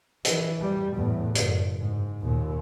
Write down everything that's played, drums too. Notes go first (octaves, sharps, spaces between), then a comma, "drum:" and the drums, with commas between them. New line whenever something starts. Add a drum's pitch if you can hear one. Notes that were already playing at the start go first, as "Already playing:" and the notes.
E3, drum: hi-hat
G3
E2 A2
F#1, drum: hi-hat
G#2
D#2 A#2